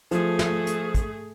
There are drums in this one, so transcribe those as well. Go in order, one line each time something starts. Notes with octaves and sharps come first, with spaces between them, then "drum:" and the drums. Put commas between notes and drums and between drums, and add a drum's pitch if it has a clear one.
F3 A3 G#4, drum: hi-hat
drum: snare
drum: hi-hat
drum: kick, hi-hat